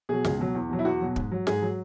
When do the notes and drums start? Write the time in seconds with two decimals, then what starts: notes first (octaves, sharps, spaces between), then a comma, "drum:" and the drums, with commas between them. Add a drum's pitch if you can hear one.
0.09 B2 F#3 G#4
0.25 C#2, drum: snare
0.39 B2 F#3
0.55 E2
0.70 B2 F#3
0.79 E4
0.85 E2 F#4
1.01 B2 F#3
1.16 G#2, drum: kick
1.31 F#3
1.47 G#2 G#4, drum: snare
1.62 F#3